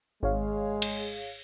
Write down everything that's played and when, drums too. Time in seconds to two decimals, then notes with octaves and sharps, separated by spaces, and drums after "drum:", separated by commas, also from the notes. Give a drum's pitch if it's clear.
0.23 G#1 G#3 G#4 C#5 F5
0.82 drum: cymbal